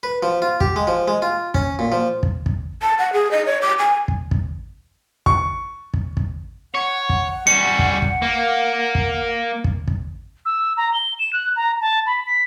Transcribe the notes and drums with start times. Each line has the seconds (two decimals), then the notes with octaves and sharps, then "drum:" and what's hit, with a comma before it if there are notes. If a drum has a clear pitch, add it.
0.03 B4
0.23 F3
0.42 F4
0.61 G4, drum: kick
0.76 G#3
0.87 F3
1.08 G#3
1.22 F4
1.54 C#4, drum: kick
1.79 A#2
1.92 F3
2.23 drum: kick
2.46 drum: kick
2.82 A5
2.98 F#5
3.13 G#4
3.31 D#5
3.46 C#5
3.62 D6
3.79 G#5
4.08 drum: kick
4.31 drum: kick
5.26 C#6, drum: kick
5.94 drum: kick
6.17 drum: kick
6.74 C#5 F#5
7.09 drum: kick
7.47 G3 C#4 C#7
7.79 drum: kick
8.02 drum: kick
8.22 A#3
8.95 drum: kick
9.64 drum: kick
9.88 drum: kick
10.45 E6
10.77 A#5
10.93 G7
11.19 E7
11.33 F#6
11.56 A#5
11.81 A5
12.07 B5
12.26 B6